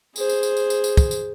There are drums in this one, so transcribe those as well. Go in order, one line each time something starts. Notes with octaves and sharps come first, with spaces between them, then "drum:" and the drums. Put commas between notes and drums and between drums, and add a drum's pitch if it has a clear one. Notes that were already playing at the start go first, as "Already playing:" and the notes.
G#4 C5, drum: tambourine
drum: tambourine
drum: tambourine
drum: tambourine
drum: tambourine
drum: tambourine
drum: kick, tambourine
drum: tambourine